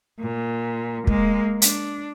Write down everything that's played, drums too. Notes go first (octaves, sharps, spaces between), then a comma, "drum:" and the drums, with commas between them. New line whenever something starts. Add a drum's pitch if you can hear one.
A#2
G#3 A#3, drum: kick
D4, drum: hi-hat